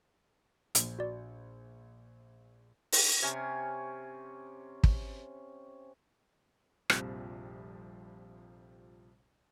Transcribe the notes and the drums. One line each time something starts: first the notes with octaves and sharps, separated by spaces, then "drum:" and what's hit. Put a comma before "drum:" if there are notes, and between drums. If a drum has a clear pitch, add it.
A#1, drum: hi-hat
F#4 D5
drum: open hi-hat
C3 C#4 G#5
drum: kick
A#1 F2 C3 F3 G3, drum: rim click